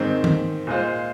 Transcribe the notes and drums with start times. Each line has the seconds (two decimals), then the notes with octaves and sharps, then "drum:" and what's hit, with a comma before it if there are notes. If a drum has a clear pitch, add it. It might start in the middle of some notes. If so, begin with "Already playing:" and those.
Already playing: G#2 D#3 C4
0.24 drum: tom D#3
0.67 A#2 G#3 F4 C5